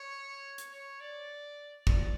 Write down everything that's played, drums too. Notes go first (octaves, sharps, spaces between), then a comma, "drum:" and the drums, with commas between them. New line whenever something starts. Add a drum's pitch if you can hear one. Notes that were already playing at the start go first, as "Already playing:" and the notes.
Already playing: C#5
drum: hi-hat
C#5
D5
D5, drum: kick